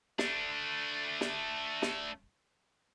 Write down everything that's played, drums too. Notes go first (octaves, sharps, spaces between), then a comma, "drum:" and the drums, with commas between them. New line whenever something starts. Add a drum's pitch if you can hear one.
A3 D4, drum: snare
drum: snare
drum: snare